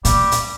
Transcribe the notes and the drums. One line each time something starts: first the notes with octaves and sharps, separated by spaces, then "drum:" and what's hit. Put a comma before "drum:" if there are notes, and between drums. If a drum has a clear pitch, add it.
A#2 G3, drum: hi-hat
drum: hi-hat